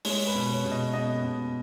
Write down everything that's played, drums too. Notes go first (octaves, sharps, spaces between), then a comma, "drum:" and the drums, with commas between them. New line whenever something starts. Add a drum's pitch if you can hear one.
G#3 C#5, drum: open hi-hat
B4
B2
C#5
B2
D#5
B3 D#5
B2